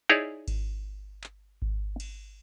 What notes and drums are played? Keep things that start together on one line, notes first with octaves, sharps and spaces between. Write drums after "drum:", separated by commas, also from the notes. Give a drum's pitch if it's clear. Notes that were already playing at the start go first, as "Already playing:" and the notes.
D#4 E4 G#4 C#5 D5
drum: kick G#1, cymbal
drum: clap
drum: kick G#1
drum: cymbal